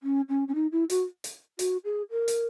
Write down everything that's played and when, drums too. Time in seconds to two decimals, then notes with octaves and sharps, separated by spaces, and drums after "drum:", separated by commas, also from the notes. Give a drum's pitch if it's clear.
0.03 C#4
0.29 C#4
0.48 C#4
0.55 D#4
0.72 E4
0.90 F#4, drum: hi-hat
1.24 drum: hi-hat
1.59 F#4, drum: hi-hat
1.84 G#4
2.11 A#4
2.28 drum: hi-hat